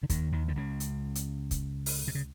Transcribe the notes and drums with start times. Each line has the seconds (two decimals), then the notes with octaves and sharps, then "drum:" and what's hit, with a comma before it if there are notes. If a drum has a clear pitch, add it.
0.03 D3
0.09 D#2 D#3, drum: kick, hi-hat
0.32 D#2 D#3
0.48 D3
0.56 C#2 C#3
0.80 drum: hi-hat
1.15 drum: hi-hat
1.51 drum: kick, hi-hat
1.86 drum: open hi-hat
2.08 C3
2.15 C#3